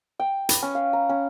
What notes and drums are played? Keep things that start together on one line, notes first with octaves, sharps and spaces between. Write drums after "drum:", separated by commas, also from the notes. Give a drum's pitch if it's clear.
G5
B4, drum: hi-hat
C#4
F5
A#5
C#4